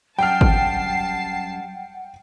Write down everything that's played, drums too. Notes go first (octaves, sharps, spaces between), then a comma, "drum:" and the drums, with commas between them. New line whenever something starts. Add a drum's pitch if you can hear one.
F#2 G3 F#5 G5 A5 F6 C7
drum: kick